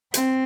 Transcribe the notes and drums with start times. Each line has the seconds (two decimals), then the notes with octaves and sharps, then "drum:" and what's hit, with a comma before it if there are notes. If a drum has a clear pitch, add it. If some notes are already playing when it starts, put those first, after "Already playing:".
0.14 C4, drum: hi-hat